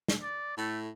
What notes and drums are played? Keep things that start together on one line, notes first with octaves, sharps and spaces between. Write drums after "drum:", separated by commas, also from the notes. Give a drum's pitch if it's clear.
drum: snare
D5
A2 A3